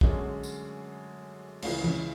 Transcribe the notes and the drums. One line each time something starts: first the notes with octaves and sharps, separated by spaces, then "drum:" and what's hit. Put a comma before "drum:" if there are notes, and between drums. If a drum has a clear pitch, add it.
F#2 D3 G#3 C#4 F#4, drum: kick
drum: tambourine
C#2 C#3 E3, drum: cymbal
drum: tom